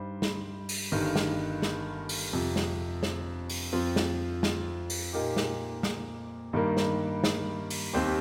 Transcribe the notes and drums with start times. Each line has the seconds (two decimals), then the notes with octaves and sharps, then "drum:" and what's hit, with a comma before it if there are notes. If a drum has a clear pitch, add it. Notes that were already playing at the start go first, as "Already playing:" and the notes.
Already playing: G2 G3 D#4 C5
0.22 drum: snare
0.69 drum: open hi-hat
0.92 G1 G2 D#3
1.16 drum: snare
1.62 drum: snare
2.09 drum: open hi-hat
2.33 F2 C3 F3
2.56 drum: snare
3.03 drum: snare
3.49 drum: open hi-hat
3.73 F2 F3 C4 F4
3.96 drum: snare
4.43 drum: snare
4.90 drum: open hi-hat
5.13 A#2 A#3 D#4 G4
5.37 drum: snare
5.83 drum: snare
6.53 G2 D#3 G3 A#3
6.77 drum: snare
7.24 drum: snare
7.70 drum: open hi-hat
7.93 D#2 D#3 C4 G4 C5